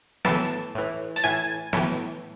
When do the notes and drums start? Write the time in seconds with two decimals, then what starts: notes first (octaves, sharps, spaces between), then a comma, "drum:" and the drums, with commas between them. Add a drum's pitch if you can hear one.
0.25 A2 E3 A5, drum: snare
0.75 A2 E3
1.16 A5, drum: hi-hat
1.24 A2 E3 G#5
1.73 A2 E3, drum: snare